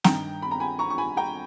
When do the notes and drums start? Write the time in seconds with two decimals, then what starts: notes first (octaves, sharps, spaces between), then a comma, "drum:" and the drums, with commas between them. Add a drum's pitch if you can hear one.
0.04 G2 D#3 G5 A#5, drum: snare
0.42 B5
0.51 A#5
0.60 G#5 B5
0.79 A#5 C#6
0.90 C#6
0.98 G#5 B5
1.17 G5 A#5